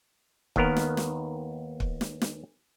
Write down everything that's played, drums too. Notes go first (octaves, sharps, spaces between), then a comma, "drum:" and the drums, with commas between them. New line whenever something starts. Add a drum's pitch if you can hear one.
D#2 D#3 B3 A#4, drum: kick
drum: snare
drum: snare
drum: kick
drum: snare
drum: snare